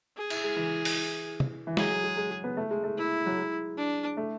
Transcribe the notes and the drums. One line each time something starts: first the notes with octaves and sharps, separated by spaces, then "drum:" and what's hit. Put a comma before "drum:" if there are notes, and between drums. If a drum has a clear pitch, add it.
G#4
E4, drum: cymbal
G#3
E3
drum: open hi-hat
drum: tom
E3
F#3 G#4, drum: snare
G#3
G#3
G#3
G#3
B3
A3
G#3
A3
E4
F#3
G#3
D4
A3